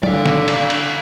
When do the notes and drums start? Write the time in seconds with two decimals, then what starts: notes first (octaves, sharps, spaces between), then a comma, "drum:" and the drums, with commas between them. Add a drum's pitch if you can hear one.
0.03 D3 D5 F5, drum: tom
0.26 drum: snare
0.48 drum: cymbal
0.70 drum: cymbal